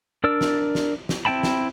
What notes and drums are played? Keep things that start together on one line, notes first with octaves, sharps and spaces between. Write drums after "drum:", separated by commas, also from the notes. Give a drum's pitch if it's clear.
D4 A#4 D5 E6
drum: snare
drum: snare
drum: snare
C4 E4 G5 A5 B5
drum: snare